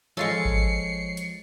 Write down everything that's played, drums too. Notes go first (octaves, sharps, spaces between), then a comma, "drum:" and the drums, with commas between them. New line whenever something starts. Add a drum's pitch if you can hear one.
F3 G#3 F4 A4 C#5 A6 C7 C#7
drum: kick G#1
drum: hi-hat